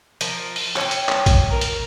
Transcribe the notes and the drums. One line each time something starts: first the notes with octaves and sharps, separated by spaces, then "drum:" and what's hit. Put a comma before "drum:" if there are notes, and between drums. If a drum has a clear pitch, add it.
F3 A#4, drum: hi-hat
drum: open hi-hat
C#5 G5, drum: clap
drum: hi-hat
drum: clap
drum: kick A#1, hi-hat
A#4
drum: hi-hat